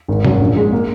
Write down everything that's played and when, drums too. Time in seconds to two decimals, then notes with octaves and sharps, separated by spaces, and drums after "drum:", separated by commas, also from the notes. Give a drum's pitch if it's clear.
0.08 G#1
0.25 F#2, drum: tom B2
0.40 A#1
0.56 G#3
0.72 A#3